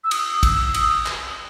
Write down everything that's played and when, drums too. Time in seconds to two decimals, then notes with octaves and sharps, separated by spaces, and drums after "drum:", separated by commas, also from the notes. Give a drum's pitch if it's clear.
0.04 E6
0.11 D#6, drum: cymbal
0.38 D#6
0.43 E6, drum: kick, cymbal
0.74 D#6, drum: cymbal
1.06 drum: clap